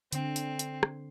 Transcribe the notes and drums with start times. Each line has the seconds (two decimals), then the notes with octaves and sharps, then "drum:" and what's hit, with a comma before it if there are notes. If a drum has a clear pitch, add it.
0.13 D3 C4, drum: hi-hat
0.36 drum: hi-hat
0.59 drum: hi-hat
0.83 drum: rim click